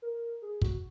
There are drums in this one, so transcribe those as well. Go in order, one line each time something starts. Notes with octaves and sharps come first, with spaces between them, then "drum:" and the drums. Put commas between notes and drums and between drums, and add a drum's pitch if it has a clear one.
A#4
G#4
F#4, drum: kick